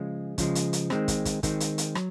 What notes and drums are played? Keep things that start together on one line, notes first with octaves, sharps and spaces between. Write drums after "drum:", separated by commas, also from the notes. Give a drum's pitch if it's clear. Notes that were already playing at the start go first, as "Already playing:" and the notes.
Already playing: C#3 F3 G#3
C#3 F3 G#3, drum: kick, hi-hat
drum: hi-hat
drum: hi-hat
D#3 G#3 C4, drum: rim click
drum: kick, hi-hat
drum: kick, hi-hat
D#3 G#3 C4, drum: kick, hi-hat
drum: hi-hat
drum: hi-hat
F#3, drum: rim click